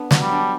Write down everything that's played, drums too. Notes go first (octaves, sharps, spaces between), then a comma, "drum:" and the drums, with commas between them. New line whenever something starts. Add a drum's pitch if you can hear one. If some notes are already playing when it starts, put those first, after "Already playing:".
Already playing: B3 D4
F#3, drum: snare
G3
D4